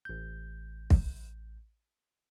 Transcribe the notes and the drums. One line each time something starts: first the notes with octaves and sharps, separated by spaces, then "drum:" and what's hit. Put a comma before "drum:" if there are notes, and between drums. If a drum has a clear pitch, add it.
A1 G6
drum: kick